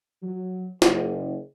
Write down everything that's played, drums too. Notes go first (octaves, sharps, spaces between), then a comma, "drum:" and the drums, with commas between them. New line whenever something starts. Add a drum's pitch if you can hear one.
F#3
F#1, drum: snare